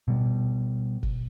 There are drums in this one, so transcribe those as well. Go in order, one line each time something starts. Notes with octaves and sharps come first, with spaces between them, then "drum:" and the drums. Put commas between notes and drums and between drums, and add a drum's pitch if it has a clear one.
B2 G3
drum: kick